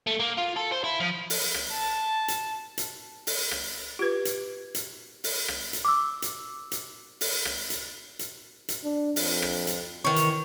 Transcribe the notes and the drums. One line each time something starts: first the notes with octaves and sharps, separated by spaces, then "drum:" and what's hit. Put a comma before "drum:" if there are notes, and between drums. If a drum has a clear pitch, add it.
A3
A#3
F4
A4
C5
E4
F3
drum: open hi-hat
drum: rim click
A5
drum: hi-hat
drum: hi-hat
drum: open hi-hat
drum: rim click
F4 G4 B4 G#6
drum: hi-hat
drum: hi-hat
drum: open hi-hat
drum: rim click
drum: hi-hat
D6 E6
drum: hi-hat
drum: hi-hat
drum: open hi-hat
drum: rim click
drum: hi-hat
drum: hi-hat
drum: hi-hat
D4
F2, drum: open hi-hat
drum: rim click
drum: hi-hat
D#3 E3 C#5
drum: hi-hat